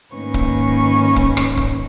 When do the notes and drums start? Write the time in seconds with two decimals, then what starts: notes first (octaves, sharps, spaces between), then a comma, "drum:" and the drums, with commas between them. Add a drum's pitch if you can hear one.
0.14 G#2 D#3 A#3 C#4 B4 C#6
0.34 drum: kick
1.16 drum: kick
1.37 drum: rim click
1.57 drum: kick